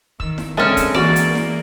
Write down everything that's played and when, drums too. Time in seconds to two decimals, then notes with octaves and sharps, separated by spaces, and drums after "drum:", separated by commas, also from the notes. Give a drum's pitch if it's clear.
0.20 D#3 E6, drum: kick
0.38 drum: snare E4
0.57 D3 G#3 C4 C#4 A#4 E5 A5
0.77 drum: kick, hi-hat
0.95 E3 A#3 F#4 D5 E6
1.16 drum: hi-hat
1.35 drum: snare E4